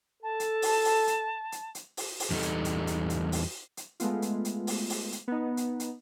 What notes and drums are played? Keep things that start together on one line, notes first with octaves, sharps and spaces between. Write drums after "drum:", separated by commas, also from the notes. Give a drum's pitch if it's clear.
A4 A5
drum: hi-hat
drum: open hi-hat
drum: open hi-hat
drum: hi-hat
drum: hi-hat
drum: hi-hat
drum: open hi-hat
drum: open hi-hat
E2 G3 D#4 A4
drum: hi-hat
drum: hi-hat
drum: hi-hat
drum: hi-hat
drum: open hi-hat
drum: hi-hat
G#3 A3 B3 F4, drum: hi-hat
drum: hi-hat
drum: hi-hat
drum: open hi-hat
drum: open hi-hat
drum: hi-hat
B3 D#4
drum: hi-hat
drum: hi-hat